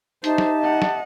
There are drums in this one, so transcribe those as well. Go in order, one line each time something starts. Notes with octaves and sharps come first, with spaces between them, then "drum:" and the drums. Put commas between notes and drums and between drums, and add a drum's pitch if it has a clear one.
D#4 G4 C5 E5 A5, drum: hi-hat
drum: snare
D#5 F#5
drum: snare